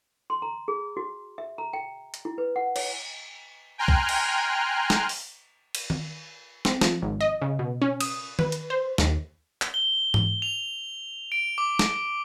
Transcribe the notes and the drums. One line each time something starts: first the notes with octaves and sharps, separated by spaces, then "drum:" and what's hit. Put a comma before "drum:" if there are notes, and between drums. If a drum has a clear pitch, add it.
C6
A#5
G#4
F#4
E5
A#5
G5
drum: hi-hat
E4
B4
F#5
C#5, drum: cymbal
G5 G#5 A#5 C6 F6 F#6
drum: kick B1
drum: cymbal
drum: snare
drum: open hi-hat
drum: cymbal
drum: tom D#3
C4, drum: snare
F3, drum: snare
G#1
D#5
C#3
B2
C#4
D#6, drum: cymbal
B4, drum: tom D#3
drum: hi-hat
C5
D#2, drum: snare
drum: clap
G7
drum: tom G#2
F7
D7
D6
drum: snare